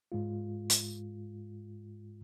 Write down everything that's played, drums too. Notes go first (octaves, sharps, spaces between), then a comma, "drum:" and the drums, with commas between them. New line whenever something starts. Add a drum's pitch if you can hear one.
G#2 G#3 F4
drum: hi-hat